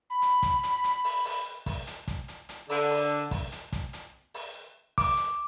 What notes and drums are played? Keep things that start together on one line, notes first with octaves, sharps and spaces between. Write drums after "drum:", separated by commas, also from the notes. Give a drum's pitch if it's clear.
B5
drum: hi-hat
drum: kick, hi-hat
drum: hi-hat
drum: hi-hat
drum: open hi-hat
drum: open hi-hat
drum: kick, open hi-hat
drum: hi-hat
drum: kick, hi-hat
drum: hi-hat
drum: hi-hat
D3, drum: open hi-hat
drum: open hi-hat
drum: kick, open hi-hat
drum: hi-hat
drum: kick, hi-hat
drum: hi-hat
drum: open hi-hat
D6, drum: kick, open hi-hat
drum: hi-hat